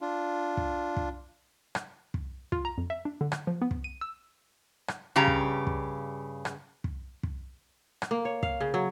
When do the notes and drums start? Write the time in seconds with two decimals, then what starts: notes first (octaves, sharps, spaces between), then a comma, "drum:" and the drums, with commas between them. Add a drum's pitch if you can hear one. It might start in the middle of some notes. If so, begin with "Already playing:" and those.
0.01 D4 F4
0.57 drum: kick
0.97 drum: kick
1.75 drum: rim click
2.14 drum: kick
2.52 F4, drum: kick
2.65 A#5
2.78 F2
2.90 E5
3.05 D4
3.21 D3
3.32 drum: rim click
3.47 F3
3.62 B3
3.71 drum: kick
3.84 D#7
4.01 E6
4.88 drum: rim click
5.16 G2 C#3 G4 A#5
5.27 drum: kick
5.67 drum: kick
6.45 drum: rim click
6.84 drum: kick
7.23 drum: kick
8.02 drum: rim click
8.11 A#3
8.25 C#5
8.43 F5, drum: kick
8.61 C#3
8.74 F#3